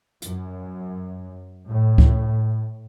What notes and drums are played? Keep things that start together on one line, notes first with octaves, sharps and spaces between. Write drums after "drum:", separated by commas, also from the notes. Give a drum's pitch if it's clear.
F#2, drum: hi-hat
A2
drum: kick C#2